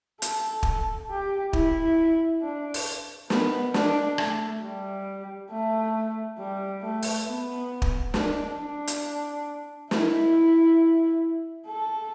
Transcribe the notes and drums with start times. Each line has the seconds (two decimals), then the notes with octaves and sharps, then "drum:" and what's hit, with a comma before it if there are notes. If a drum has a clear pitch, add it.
0.22 A4, drum: hi-hat
0.63 drum: kick
1.10 G4
1.53 E4, drum: kick
2.42 D4
2.74 drum: open hi-hat
3.30 B3, drum: snare
3.74 D4, drum: snare
4.18 A3, drum: rim click
4.62 G3
5.51 A3
6.38 G3
6.82 A3
7.03 drum: open hi-hat
7.26 B3
7.82 drum: kick
8.14 D4, drum: snare
8.58 D4
8.87 drum: hi-hat
9.91 E4, drum: snare
11.67 A4